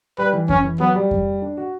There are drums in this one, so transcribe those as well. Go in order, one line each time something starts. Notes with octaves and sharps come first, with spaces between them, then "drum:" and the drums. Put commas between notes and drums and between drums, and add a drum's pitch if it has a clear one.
G3 B4
E3
C#4, drum: kick F2
E3
F#3 B3
G3
drum: kick F2
D4
F#4